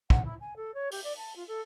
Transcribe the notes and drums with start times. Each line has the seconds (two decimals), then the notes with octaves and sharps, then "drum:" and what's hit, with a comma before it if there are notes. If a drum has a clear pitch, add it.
0.10 F#5, drum: kick
0.25 E4
0.40 G#5
0.56 A4
0.74 C#5
0.91 G4, drum: open hi-hat
1.04 D5
1.17 A5
1.36 F4
1.47 A4